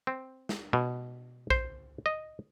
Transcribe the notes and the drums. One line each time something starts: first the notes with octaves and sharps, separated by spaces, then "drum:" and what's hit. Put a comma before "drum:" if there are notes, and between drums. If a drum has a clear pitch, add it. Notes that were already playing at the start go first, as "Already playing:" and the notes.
C4
drum: snare
B2
C5, drum: kick A#1
D#5